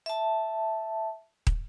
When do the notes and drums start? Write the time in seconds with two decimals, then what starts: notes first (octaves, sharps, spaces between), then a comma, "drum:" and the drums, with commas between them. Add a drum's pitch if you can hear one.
0.06 E5 A5
1.47 drum: kick